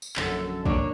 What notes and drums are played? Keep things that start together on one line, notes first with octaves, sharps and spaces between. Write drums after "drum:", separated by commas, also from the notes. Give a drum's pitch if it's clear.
drum: tambourine
A#1 F#2 D3 A4, drum: clap
A#3 D4 C#5, drum: kick